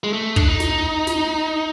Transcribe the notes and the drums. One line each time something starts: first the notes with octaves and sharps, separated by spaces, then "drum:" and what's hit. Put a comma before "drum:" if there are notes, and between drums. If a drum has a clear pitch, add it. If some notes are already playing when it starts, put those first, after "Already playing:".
G#3
A3
D4, drum: kick
D#4
drum: snare
drum: snare